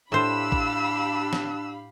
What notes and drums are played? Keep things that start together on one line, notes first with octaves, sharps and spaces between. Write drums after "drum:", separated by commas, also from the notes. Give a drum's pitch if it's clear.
A2 D4 G4 C5 F5 B5 E6
drum: kick G#1
drum: snare